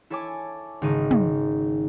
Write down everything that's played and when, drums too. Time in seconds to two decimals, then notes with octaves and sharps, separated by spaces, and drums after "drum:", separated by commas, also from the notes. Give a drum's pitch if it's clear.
0.10 E4 A4 C#5 G#5 A5 D6
0.82 G#1 C#3 D#4 D#7
1.11 drum: tom